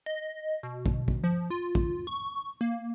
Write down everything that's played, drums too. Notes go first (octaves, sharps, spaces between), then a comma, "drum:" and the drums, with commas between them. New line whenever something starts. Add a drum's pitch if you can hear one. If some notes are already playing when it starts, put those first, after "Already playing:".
D#5
B2
drum: kick
drum: kick
F3
F4
drum: kick
C#6
A#3